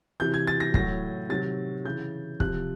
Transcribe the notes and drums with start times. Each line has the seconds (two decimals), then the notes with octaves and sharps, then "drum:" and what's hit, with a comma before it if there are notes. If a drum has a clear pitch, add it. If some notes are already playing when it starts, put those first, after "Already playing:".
0.20 C3 E3 G6
0.34 G#6
0.47 A6
0.60 A#6
0.74 A2 F#3 A#6, drum: kick
1.29 C3 D#3 F#3 A6
1.85 C#3 E3 G6
2.40 C3 F3 F#6, drum: kick